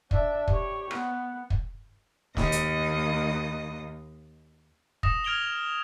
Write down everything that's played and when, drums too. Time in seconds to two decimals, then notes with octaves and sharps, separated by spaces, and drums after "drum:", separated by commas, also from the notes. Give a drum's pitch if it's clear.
0.11 D4 E5, drum: kick
0.48 G4 C#5, drum: kick
0.91 B3, drum: rim click
1.50 drum: kick
2.37 D#2 D#5, drum: snare
2.52 drum: hi-hat
5.03 D#6 A#6 E7, drum: kick
5.24 F6 G#6 D7 F7 G7